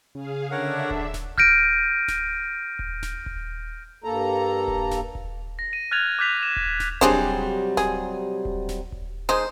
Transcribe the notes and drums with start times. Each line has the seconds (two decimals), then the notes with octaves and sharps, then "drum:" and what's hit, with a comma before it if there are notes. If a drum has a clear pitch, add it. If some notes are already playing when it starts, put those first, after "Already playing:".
0.15 C#3 G#4 F5
0.51 D3 D4 A#4 C#5 E5 F#5
0.90 drum: kick D#1
1.14 drum: snare D1
1.38 F6 G6 A#6 D7 D#7, drum: kick D#1
2.08 drum: snare D1
2.79 drum: kick D#1
3.03 drum: snare D1
3.26 drum: kick D#1
4.04 G2 A#3 A4 A#5
4.68 drum: kick D#1
4.91 drum: snare D1
5.15 drum: kick D#1
5.59 A#6
5.73 D#7
5.91 F6 F#6 G#6 A6 F7
6.19 D6 F#6 G6 B6 F7
6.43 E7
6.56 drum: kick D#1
6.80 drum: snare D1
7.01 C3 F#3 G3 D4 G#4 C5, drum: kick D#1
7.77 G#4, drum: snare D1
8.45 drum: kick D#1
8.69 drum: snare D1
8.92 drum: kick D#1
9.29 G#3 D#4 C5